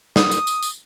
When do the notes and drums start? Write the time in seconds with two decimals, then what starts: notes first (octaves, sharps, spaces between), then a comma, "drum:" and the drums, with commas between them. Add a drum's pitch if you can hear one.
0.16 D#6, drum: snare
0.31 drum: tambourine
0.47 drum: tambourine
0.62 drum: tambourine